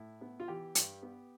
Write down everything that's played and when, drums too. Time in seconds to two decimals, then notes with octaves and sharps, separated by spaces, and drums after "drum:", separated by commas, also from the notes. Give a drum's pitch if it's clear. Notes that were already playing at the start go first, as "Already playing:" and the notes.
Already playing: A2 E4
0.21 B3
0.40 F4
0.48 E3 G4
0.75 G2, drum: hi-hat
1.02 B3